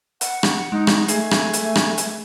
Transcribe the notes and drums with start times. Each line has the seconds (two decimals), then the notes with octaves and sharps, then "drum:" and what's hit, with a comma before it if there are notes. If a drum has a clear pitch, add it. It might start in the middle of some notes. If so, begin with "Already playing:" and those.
0.21 F#5, drum: hi-hat
0.43 drum: rim click
0.72 G#3 D#4
0.87 drum: rim click
1.08 A3 G#4 E5 G#5, drum: hi-hat
1.31 drum: rim click
1.53 drum: hi-hat
1.75 drum: rim click
1.98 drum: hi-hat